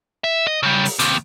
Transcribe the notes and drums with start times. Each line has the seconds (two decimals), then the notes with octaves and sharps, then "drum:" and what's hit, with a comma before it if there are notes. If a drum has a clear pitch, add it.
0.24 E5
0.47 D#5
0.63 C#3 G3
0.85 drum: open hi-hat
0.99 D#2 C3, drum: hi-hat